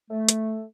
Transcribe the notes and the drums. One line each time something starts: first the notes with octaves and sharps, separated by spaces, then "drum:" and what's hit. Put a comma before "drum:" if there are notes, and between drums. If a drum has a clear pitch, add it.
A3
drum: hi-hat